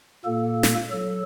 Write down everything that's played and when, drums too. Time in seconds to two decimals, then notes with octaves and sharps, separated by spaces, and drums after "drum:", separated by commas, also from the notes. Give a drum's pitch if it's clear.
0.25 A#2 A#3 A4
0.63 drum: snare
0.91 F#3 A4